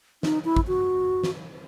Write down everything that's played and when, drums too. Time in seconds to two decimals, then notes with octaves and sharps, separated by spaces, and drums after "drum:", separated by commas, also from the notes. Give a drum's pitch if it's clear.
0.23 D#4, drum: snare
0.45 E4
0.56 drum: kick
0.68 F#4
1.24 drum: snare